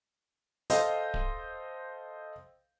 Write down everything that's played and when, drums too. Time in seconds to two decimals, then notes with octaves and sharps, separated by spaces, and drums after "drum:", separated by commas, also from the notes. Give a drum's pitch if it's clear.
0.70 A4 C5 D#5 F5 G5, drum: hi-hat
1.14 drum: kick D1